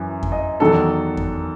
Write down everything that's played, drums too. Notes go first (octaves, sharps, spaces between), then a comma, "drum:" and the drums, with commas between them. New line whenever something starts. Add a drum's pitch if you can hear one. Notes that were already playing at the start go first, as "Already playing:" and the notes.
Already playing: F#2 E3
drum: kick F2
D#5
E2 D#3 F#3 A4
drum: kick F2